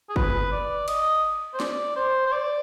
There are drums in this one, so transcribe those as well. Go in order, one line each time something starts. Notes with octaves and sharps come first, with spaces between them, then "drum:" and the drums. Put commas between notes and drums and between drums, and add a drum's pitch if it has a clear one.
G#4
B4, drum: kick
D5
D#5, drum: cymbal
C5
D5, drum: snare
C5
C5
D5